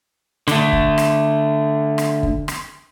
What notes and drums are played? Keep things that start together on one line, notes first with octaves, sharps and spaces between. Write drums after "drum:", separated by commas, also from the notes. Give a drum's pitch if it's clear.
D3 A3, drum: rim click
drum: kick
drum: rim click
drum: rim click
drum: kick
drum: rim click